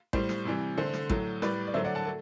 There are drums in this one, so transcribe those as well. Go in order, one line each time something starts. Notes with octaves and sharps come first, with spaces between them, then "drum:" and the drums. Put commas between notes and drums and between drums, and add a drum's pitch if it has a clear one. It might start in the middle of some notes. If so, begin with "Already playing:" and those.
A2 G3 C5, drum: kick
drum: snare
C3 E3 G3
D3 A3 C5
drum: snare
A2 F#3 A3, drum: kick
A2 G3 B4 D5, drum: snare
D5
D3 F#3 A3 C5 E5
D5 F#5
F#5 A5
A3